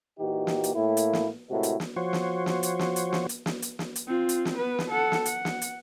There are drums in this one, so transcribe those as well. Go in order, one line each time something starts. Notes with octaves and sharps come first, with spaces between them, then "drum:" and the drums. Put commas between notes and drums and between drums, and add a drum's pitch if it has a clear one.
A#2 E3 D#4 F#4 G4
drum: snare
drum: hi-hat
A2 A#3 E4
drum: hi-hat
drum: snare
A2 C3 G#3 E4 F#4 A#4
drum: hi-hat
drum: snare
F3 F#4 C5 C#5
drum: snare
drum: snare
drum: hi-hat
drum: snare
drum: hi-hat
drum: snare
drum: hi-hat
drum: snare
drum: hi-hat
drum: snare
drum: hi-hat
C4 F4
drum: hi-hat
drum: snare
B3 B4
drum: snare
A4 F#5
drum: snare
F#5, drum: hi-hat
drum: snare
drum: hi-hat